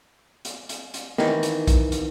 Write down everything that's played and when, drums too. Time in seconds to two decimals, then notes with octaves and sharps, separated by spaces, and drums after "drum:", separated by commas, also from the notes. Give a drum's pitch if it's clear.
0.45 drum: hi-hat
0.69 drum: hi-hat
0.94 drum: hi-hat
1.18 D#3 E3, drum: snare
1.43 drum: hi-hat
1.67 drum: kick A#1, hi-hat
1.92 drum: hi-hat